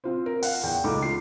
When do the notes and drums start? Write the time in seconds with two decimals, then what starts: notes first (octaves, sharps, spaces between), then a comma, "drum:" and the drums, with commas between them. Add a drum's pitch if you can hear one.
0.04 C4 F4 C5
0.26 A#4
0.43 F5 F#5, drum: open hi-hat
0.63 E2 G5
0.84 C#2 D#4 A4 D6
1.03 F4 C7